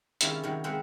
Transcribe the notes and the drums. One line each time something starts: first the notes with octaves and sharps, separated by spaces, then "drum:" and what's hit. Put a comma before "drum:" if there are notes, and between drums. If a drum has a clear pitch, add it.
C3 D#3 G#3 C#4 E4 F4, drum: hi-hat
C3 D#3 F#3
G#3 C4 B4 C5 F5 F#5